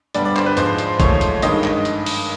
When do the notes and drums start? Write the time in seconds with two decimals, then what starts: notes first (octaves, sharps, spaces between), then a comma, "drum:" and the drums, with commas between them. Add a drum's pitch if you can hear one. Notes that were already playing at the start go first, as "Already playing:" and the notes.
0.14 G2 D3 G3 B3 D5, drum: hi-hat
0.25 D5
0.36 C5, drum: clap
0.46 B4
0.57 G#2 F3 G#3 C5, drum: hi-hat
0.78 drum: hi-hat
1.00 G#2 F3 A3 C#5, drum: kick, hi-hat
1.21 drum: hi-hat
1.42 G2 D#3 G#3 D#5, drum: hi-hat
1.64 drum: clap
1.85 drum: hi-hat
2.06 drum: open hi-hat